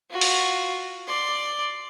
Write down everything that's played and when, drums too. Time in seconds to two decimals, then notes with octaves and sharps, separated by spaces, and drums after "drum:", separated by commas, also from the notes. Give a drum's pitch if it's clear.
0.10 F4 F#4
0.21 drum: open hi-hat
1.07 D5 C6